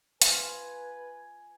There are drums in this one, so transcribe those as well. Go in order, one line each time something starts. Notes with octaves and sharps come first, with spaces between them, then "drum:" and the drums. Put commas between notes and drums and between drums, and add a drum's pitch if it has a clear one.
F4 B4 G#5, drum: hi-hat